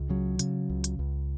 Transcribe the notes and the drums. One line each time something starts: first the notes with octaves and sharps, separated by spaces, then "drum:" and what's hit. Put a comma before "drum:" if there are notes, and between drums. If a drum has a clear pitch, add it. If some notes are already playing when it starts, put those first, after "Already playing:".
Already playing: C#2
C#3 F#3
C#3, drum: hi-hat
C#2
drum: hi-hat
C#2